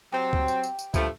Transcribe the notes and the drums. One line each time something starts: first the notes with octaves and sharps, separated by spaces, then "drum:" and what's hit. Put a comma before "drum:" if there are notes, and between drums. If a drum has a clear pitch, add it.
F#3 C4 G4 C5 G5
drum: kick D2
drum: tambourine
drum: tambourine
drum: tambourine
G2 F3 A3, drum: kick D2, tambourine